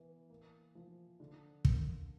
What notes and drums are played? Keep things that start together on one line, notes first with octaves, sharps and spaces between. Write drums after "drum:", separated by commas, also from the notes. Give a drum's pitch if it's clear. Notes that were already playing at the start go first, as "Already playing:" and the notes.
Already playing: E3 B3
A#3
F3
D3
A#3, drum: kick